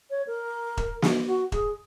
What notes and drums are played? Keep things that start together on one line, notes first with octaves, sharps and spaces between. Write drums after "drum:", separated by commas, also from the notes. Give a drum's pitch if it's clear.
C#5
A#4
drum: kick E1
drum: snare
F#4
G#4, drum: kick E1